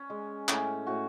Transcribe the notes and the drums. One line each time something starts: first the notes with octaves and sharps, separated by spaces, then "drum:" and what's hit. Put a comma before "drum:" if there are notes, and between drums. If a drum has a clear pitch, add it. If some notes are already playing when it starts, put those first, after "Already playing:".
Already playing: C#4
G#3
A2 C#4, drum: clap
A2 F#4